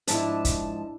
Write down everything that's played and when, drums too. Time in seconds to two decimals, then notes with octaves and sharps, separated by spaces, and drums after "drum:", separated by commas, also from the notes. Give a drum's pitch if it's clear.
0.08 G#2 F3 D4 E4 A5, drum: hi-hat
0.45 drum: kick, hi-hat